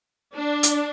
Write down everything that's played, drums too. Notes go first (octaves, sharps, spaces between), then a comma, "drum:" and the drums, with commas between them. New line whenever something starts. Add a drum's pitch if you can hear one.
D4
drum: hi-hat